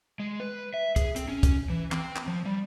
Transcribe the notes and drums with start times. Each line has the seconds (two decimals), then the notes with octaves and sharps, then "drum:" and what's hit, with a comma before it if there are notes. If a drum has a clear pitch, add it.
0.20 G#3
0.40 B4
0.74 E5
0.96 G#4, drum: kick, hi-hat
1.16 C4, drum: hi-hat
1.28 C#4
1.43 drum: kick, hi-hat
1.70 E3
1.92 C4, drum: clap
2.16 drum: clap
2.27 F3
2.46 G3